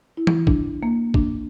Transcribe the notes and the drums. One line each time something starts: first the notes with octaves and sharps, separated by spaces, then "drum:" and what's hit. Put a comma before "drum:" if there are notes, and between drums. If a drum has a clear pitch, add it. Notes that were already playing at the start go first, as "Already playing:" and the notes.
E4
drum: tom E3
D4, drum: kick
A#3
D4, drum: kick